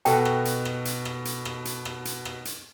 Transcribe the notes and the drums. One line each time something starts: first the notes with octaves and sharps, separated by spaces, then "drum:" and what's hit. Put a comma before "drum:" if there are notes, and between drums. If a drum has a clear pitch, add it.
B2 F#4 A4 G5, drum: hi-hat
drum: rim click
drum: hi-hat
drum: rim click
drum: hi-hat
drum: rim click
drum: hi-hat
drum: rim click
drum: hi-hat
drum: rim click
drum: hi-hat
drum: rim click
drum: hi-hat